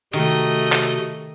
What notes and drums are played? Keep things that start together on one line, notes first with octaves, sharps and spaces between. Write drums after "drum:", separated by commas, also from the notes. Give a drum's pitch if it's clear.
C3 D#3 A3 F#4 D#5, drum: hi-hat
drum: clap